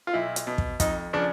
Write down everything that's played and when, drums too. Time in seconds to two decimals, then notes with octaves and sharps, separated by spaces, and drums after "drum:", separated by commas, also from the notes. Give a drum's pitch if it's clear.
0.07 F4
0.14 B1 E4
0.36 drum: hi-hat
0.47 B2
0.58 drum: kick
0.80 F2 D#4, drum: kick, hi-hat
1.13 C#3 F3 D4